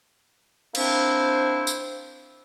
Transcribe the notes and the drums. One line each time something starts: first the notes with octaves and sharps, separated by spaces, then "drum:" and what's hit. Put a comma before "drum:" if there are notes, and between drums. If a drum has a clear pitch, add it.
A#3 C4 D4 E4 C5, drum: cymbal
drum: tambourine